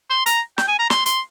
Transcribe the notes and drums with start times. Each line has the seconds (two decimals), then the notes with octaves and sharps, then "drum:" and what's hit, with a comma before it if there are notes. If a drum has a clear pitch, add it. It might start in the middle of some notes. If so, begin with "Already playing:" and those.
0.10 C6
0.26 A#5, drum: hi-hat
0.58 G5, drum: snare
0.68 G#5
0.79 A#5
0.90 C6, drum: snare
1.06 C6, drum: hi-hat